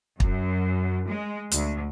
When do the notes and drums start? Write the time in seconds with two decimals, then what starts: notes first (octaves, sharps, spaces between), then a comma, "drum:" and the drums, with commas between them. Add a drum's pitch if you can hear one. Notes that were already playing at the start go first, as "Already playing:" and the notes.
0.20 F#2, drum: kick
1.08 G#3
1.52 D2, drum: hi-hat